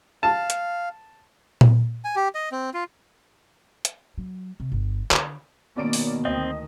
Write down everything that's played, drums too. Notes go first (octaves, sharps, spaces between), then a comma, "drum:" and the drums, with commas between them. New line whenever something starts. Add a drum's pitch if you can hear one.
F5 A5
drum: hi-hat
drum: tom A#2
G#5
G4
D#5
C4
F4
drum: hi-hat
F#3
C3
G1
D3, drum: clap
B2 D#3 A#3 C#4 D5 D7
drum: open hi-hat
D2 D#3 C4 D#5 G5